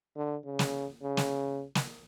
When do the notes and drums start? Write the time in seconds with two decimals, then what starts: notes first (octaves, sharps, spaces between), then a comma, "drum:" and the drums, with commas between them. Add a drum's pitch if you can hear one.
0.16 D3
0.45 C#3
0.59 drum: snare
1.02 C#3
1.17 drum: snare
1.75 drum: snare